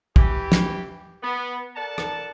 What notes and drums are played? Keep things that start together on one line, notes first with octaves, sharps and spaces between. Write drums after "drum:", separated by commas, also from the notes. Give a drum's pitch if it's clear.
E3 G4, drum: kick
drum: snare
B3
A4 A#4 D5 F#5 A5
drum: rim click